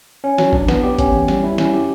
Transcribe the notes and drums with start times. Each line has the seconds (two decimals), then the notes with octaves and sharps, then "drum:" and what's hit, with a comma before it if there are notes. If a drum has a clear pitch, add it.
0.24 C#4
0.38 F#3, drum: snare
0.53 D4, drum: kick G#1
0.68 B3, drum: snare
0.83 G4
0.98 C#4, drum: kick G#1, hi-hat
1.13 E2
1.28 G3, drum: snare
1.44 E4
1.58 C#4, drum: snare
1.73 G4